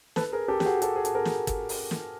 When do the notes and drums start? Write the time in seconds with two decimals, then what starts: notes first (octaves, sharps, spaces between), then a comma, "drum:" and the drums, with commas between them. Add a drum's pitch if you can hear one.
0.16 A4 B4, drum: snare
0.32 G#4 A#4
0.48 G4 A4
0.60 G4, drum: snare
0.65 F#4 G#4
0.82 G4 A4, drum: hi-hat
0.96 G#4
1.05 A4, drum: hi-hat
1.15 G#4 A#4
1.25 drum: snare
1.47 drum: kick, hi-hat
1.69 drum: open hi-hat
1.91 drum: snare